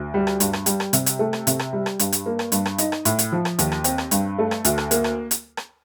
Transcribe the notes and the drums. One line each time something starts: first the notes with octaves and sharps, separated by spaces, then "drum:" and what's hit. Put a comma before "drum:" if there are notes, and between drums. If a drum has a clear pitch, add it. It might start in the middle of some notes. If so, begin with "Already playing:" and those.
Already playing: D2
G3
drum: rim click
G2, drum: hi-hat
drum: rim click
G3, drum: hi-hat
drum: rim click
C3, drum: hi-hat
drum: hi-hat
A3
drum: rim click
C3, drum: hi-hat
drum: rim click
G3
drum: rim click
G2, drum: hi-hat
drum: hi-hat
A#3
drum: rim click
G2, drum: hi-hat
drum: rim click
D#4, drum: hi-hat
drum: rim click
A2, drum: hi-hat
drum: hi-hat
F3
drum: rim click
D#2, drum: hi-hat
drum: rim click
C4, drum: hi-hat
drum: rim click
G2, drum: hi-hat
A3
drum: rim click
D2, drum: hi-hat
drum: rim click
A#3, drum: hi-hat
drum: rim click
drum: hi-hat
drum: rim click